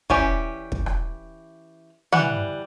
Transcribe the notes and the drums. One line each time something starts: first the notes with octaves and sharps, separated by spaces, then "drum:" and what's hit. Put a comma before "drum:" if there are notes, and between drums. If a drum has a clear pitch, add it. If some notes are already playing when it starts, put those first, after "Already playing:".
E3 C#4 G4 D5, drum: kick
drum: kick
drum: rim click
E3 G3 F#5, drum: tom